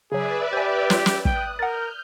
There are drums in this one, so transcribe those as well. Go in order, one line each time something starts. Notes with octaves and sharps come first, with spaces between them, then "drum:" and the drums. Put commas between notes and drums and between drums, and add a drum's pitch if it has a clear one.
C#3 F#3 G#4 B4 D5 E5
G4 C5 G#5
F4 C#5, drum: snare
drum: snare
G5 D#6 F#6, drum: kick
A#4 F#5 F6 G6 A6